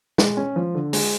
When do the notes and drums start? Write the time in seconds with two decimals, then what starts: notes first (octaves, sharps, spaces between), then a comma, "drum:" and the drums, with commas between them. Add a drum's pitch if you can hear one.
0.18 G#3, drum: snare
0.37 C#4
0.56 F3
0.75 D3
0.93 G#3, drum: open hi-hat